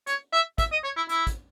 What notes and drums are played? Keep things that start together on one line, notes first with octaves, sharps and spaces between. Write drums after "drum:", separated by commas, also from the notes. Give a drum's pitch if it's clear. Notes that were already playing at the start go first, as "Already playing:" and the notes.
C#5, drum: hi-hat
E5
E5, drum: kick, hi-hat
D#5
C#5
E4
E4, drum: hi-hat
drum: kick, hi-hat